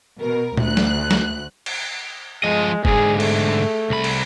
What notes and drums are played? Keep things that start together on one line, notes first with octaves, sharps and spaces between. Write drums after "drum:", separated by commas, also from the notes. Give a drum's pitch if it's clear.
B2 A#4
D2 F#6, drum: tom A#2
drum: snare
drum: snare
drum: cymbal
F3 G#3 D#5
G#2 D3 G#4, drum: kick F#1
A3, drum: cymbal
C2 B5
drum: cymbal